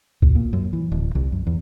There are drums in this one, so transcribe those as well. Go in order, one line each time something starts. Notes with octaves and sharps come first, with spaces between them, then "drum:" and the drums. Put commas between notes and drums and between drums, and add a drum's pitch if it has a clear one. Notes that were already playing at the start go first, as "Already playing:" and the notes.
B1, drum: kick
A#2
F#2
E3
D1
C2
F#2
E2